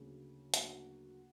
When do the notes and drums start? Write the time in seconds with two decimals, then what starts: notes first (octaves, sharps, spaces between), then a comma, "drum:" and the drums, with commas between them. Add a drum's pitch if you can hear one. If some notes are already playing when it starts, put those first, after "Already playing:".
Already playing: D2 C#3 F#3 A#3
0.54 D2 C#3 F#3 A#3 F#5, drum: hi-hat